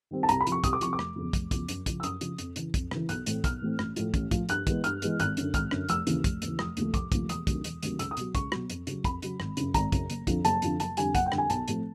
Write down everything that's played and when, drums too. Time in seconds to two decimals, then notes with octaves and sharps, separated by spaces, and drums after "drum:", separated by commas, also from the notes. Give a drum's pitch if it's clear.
0.11 D#3 G3 C4
0.23 A5
0.29 C2 A#5, drum: hi-hat
0.41 B5
0.47 C3 F3, drum: hi-hat
0.52 C#6
0.64 C2 D#6, drum: kick, hi-hat
0.73 D6
0.81 C3 F3 C#6, drum: hi-hat
0.93 D6
0.99 F1, drum: rim click
1.16 E2 C#3 F3
1.33 F1, drum: kick, hi-hat
1.51 E2 C#3 F3, drum: kick, hi-hat
1.68 F#2, drum: hi-hat
1.86 C#3 F3, drum: kick, hi-hat
2.00 E6
2.03 F#2 D#6, drum: hi-hat
2.21 C#3 F3, drum: hi-hat
2.38 F2, drum: hi-hat
2.56 C#3 E3, drum: hi-hat
2.74 F2, drum: kick, hi-hat
2.91 C#3 E3, drum: rim click
3.09 B1 F#6, drum: hi-hat
3.26 A2 E3 A3 C4, drum: hi-hat
3.44 B1 F6, drum: kick, hi-hat
3.62 A2 E3 A3 C4
3.79 A1, drum: rim click
3.96 A2 F3, drum: hi-hat
4.14 A1, drum: kick, hi-hat
4.31 A2 F3, drum: kick, hi-hat
4.49 G2 F#6, drum: hi-hat
4.67 E3 G#3 B3, drum: kick, hi-hat
4.84 G2 F6, drum: hi-hat
5.02 E3 G#3 B3, drum: hi-hat
5.20 G#1 F#6, drum: hi-hat
5.37 F#2 D3, drum: hi-hat
5.54 G#1 F6, drum: kick, hi-hat
5.71 F#2 D3, drum: rim click
5.89 F1 E6, drum: hi-hat
6.07 D#2 C#3 E3, drum: hi-hat
6.24 F1, drum: kick, hi-hat
6.42 D#2 C#3 E3, drum: hi-hat
6.59 F1 D#6, drum: rim click
6.77 D#2 C#3 F3 A3, drum: hi-hat
6.94 F1 D6, drum: kick, hi-hat
7.12 D#2 C#3 F3 A3, drum: kick, hi-hat
7.29 E1 D#6, drum: hi-hat
7.47 D2 C3 D#3 F#3, drum: kick, hi-hat
7.64 E1, drum: hi-hat
7.83 D2 C3 D#3 F#3, drum: hi-hat
7.99 C#2 E6, drum: hi-hat
8.11 D#6
8.17 B2 F#3, drum: hi-hat
8.35 C#2 C#6, drum: kick, hi-hat
8.52 B2 F#3, drum: rim click
8.70 F2, drum: hi-hat
8.87 C#3 F#3, drum: hi-hat
9.04 F2 B5, drum: kick, hi-hat
9.22 C#3 F#3, drum: hi-hat
9.40 G#1, drum: rim click
9.57 F#2 C#3, drum: hi-hat
9.74 G#1 A#5, drum: kick, hi-hat
9.92 F#2 C#3, drum: kick, hi-hat
10.10 F#1, drum: hi-hat
10.27 F2 D3 F3, drum: kick, hi-hat
10.45 F#1 A5, drum: hi-hat
10.62 F2 D3 F3, drum: hi-hat
10.80 F#1 A5, drum: hi-hat
10.97 F2 D3 G3 G#5, drum: hi-hat
11.15 F#1 F#5, drum: kick, hi-hat
11.26 G5
11.32 F2 D3 G3, drum: rim click
11.38 G#5
11.50 B1 A5, drum: hi-hat
11.68 A2 F3 A3 C4, drum: hi-hat